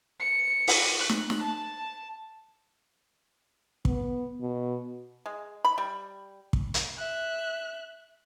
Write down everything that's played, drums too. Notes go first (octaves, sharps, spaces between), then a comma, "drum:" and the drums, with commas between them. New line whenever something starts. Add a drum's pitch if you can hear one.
C#7
drum: open hi-hat
F#6
drum: snare
drum: snare
A5
B3, drum: kick
B2
G#3
B5
G3
drum: kick
drum: hi-hat
E5 F#6